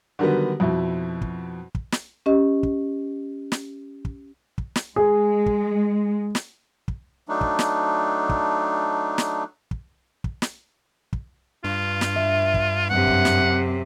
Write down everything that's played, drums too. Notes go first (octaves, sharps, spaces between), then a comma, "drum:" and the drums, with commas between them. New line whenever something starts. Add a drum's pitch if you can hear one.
D3 D#3 F#3 G3 B3
F2 B2 E4
drum: kick
drum: kick
drum: snare
C#4 G4 D#5
drum: kick
drum: snare
drum: kick
drum: kick
drum: snare
G#3 G#4
drum: kick
drum: snare
drum: kick
F#3 A3 D4 D#4
drum: kick
drum: snare
drum: kick
drum: snare
drum: kick
drum: kick
drum: snare
drum: kick
G2 F4
drum: snare
E5
drum: kick
F#2 C3 F#5
drum: kick
drum: snare